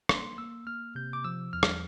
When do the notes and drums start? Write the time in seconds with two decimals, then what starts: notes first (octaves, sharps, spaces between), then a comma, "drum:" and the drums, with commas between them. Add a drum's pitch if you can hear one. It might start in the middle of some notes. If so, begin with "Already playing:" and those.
0.09 A#3 C6, drum: rim click
0.38 A#3 E6
0.67 A#3 F6
0.95 C3 G6
1.13 D6
1.24 F3 E6
1.53 E2 F6
1.63 drum: rim click